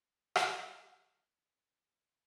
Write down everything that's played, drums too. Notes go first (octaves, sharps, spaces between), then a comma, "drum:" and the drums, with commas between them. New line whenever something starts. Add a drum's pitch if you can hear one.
drum: rim click
E5
A#1 E2 A#2
G5